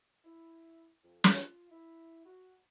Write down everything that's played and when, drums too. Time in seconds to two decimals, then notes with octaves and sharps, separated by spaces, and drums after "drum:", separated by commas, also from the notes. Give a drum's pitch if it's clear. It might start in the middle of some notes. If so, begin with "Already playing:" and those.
0.25 E4
1.03 F2
1.24 F4, drum: snare
1.71 E4
2.26 F#4